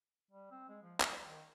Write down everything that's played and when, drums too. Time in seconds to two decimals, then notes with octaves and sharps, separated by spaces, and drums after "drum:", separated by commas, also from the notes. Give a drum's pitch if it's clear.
0.31 G3
0.51 C4
0.68 G#3
0.82 F3
1.00 G3, drum: clap
1.25 D#3